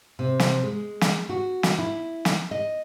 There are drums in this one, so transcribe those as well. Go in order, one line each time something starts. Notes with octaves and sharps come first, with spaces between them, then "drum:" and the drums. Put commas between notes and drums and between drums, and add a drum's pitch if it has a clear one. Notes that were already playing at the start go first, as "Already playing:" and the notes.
C3
drum: snare
G#3
drum: snare
F#4
drum: snare
E4
drum: snare
D#5